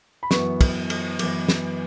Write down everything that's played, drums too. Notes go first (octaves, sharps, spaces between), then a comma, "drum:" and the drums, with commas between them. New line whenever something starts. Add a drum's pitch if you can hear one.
B5
F#2 E3 B3 C#6, drum: snare
drum: kick, cymbal
drum: cymbal
F#2 E3 B3 D6, drum: cymbal
drum: snare